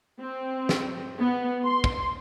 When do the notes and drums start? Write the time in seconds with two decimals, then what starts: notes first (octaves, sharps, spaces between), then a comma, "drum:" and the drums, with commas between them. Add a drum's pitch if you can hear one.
0.22 C4
0.69 drum: snare
1.19 B3
1.65 C6
1.84 drum: kick